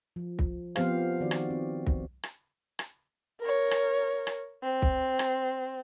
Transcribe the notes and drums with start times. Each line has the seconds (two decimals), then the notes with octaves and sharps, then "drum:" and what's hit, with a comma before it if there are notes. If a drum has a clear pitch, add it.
0.16 F3
0.39 drum: kick
0.76 F3 B3 C4 G4 C5 F5, drum: rim click
1.21 D#3 F#4 D5
1.31 drum: rim click
1.50 C4
1.86 drum: kick
2.23 drum: rim click
2.79 drum: rim click
3.40 A#4 C#5
3.71 drum: rim click
4.27 drum: rim click
4.63 C4
4.82 drum: kick
5.19 drum: rim click